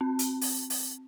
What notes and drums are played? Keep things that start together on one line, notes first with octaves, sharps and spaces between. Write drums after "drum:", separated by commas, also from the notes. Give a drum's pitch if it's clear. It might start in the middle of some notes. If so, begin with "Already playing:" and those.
C4
drum: hi-hat
drum: open hi-hat
drum: open hi-hat